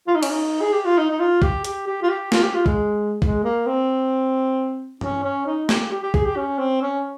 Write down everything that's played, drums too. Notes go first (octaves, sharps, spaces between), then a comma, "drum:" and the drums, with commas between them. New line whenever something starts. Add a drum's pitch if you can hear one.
F4
D#4
C#4, drum: cymbal
D#4
G#4
G4
F4
D#4
D#4
F4
G4, drum: kick
G4, drum: hi-hat
G4
F4
G4
F4, drum: snare
G4
F4
G#3, drum: kick
G#3, drum: kick
A#3
C4
C#4, drum: tom G2
C#4
D#4
G4, drum: snare
G4
G4
G#4, drum: kick
G4
C#4
C4
C#4